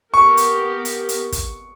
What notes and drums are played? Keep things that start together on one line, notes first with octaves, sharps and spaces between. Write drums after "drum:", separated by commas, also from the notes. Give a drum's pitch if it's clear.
B3 G4 A#4 C#6
drum: hi-hat
drum: hi-hat
drum: hi-hat
drum: kick, hi-hat